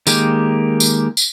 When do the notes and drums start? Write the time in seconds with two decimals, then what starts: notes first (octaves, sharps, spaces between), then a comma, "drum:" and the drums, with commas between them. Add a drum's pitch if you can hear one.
0.07 D#3 G#3 A#3 G4, drum: tambourine
0.80 drum: tambourine
1.17 drum: tambourine